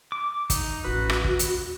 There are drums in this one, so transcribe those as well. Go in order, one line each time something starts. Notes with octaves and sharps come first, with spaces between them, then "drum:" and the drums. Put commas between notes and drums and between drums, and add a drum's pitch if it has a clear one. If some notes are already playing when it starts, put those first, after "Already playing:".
D6
D#4, drum: kick, hi-hat
A1 F2 F#4 B4
drum: rim click
drum: kick
D#2, drum: hi-hat